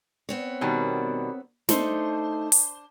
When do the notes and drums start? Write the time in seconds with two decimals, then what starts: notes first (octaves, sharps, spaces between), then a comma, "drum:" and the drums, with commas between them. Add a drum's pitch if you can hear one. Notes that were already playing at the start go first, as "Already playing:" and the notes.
0.29 B3 C4 C#5
0.61 B2 D#3 G3
1.69 A3 D4 D#4 C5, drum: snare
2.52 drum: open hi-hat